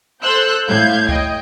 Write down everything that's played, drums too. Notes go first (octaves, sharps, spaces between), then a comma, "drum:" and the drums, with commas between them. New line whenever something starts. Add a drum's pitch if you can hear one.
A4 C5 E6 F#6 G6
A2 F5 G6 G#6
D#5 G5, drum: kick C#2